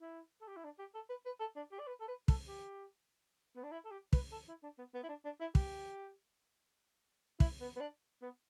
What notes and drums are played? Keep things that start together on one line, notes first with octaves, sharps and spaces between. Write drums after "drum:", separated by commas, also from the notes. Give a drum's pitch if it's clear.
E4
A4
G4
E4
D4
G4
A4
B4
B4
A4
D4
G4
D5
B4
A4
B4
A4, drum: kick
G4
B3
D4
E4
A4
G4
B4, drum: kick
A4
E4
D4
B3
B3
E4
D4
D4
E4
G4, drum: kick
E4, drum: kick
B3
B3
D4
B3